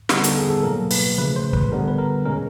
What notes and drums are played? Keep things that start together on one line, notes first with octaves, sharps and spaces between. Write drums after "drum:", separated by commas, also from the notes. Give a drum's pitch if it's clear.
D3 G3 B3 D#4 G4, drum: snare
A4, drum: hi-hat
G#4
A4
B2 F#3 A#3 A#4
B4, drum: open hi-hat
C#3 F3 A3 B4
C5
B4, drum: kick
D3 G3 B3 A#4
B4
A#4
B2 G#3 C#4 A#4